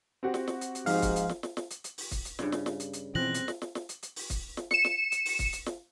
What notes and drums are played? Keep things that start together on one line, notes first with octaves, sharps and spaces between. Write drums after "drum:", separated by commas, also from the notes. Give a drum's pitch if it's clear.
C4 F#4 G4
drum: snare
drum: snare
drum: hi-hat
drum: hi-hat
G#2 F3 D#4 F5, drum: open hi-hat
drum: kick, hi-hat
drum: hi-hat
drum: snare
drum: snare
drum: snare
drum: hi-hat
drum: hi-hat
drum: open hi-hat
drum: kick, hi-hat
drum: hi-hat
G2 C#3, drum: snare
drum: snare
drum: snare
drum: hi-hat
drum: hi-hat
B2 E3 F3 C4 F#6 A#6 F#7
drum: hi-hat
drum: snare
drum: snare
drum: snare
drum: hi-hat
drum: hi-hat
drum: open hi-hat
drum: kick, hi-hat
drum: snare
C#7 E7, drum: snare
drum: snare
drum: hi-hat
drum: open hi-hat
drum: kick, hi-hat
drum: hi-hat
drum: snare